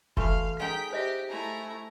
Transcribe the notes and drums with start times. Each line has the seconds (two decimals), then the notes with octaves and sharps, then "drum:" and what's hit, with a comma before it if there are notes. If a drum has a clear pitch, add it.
0.17 E3 A3 F#4 F5, drum: kick F1
0.60 G#3 D#4 A#4 G5 B6
0.93 G4 C5 D#5 E5
1.29 A3 E4 G#5 A#5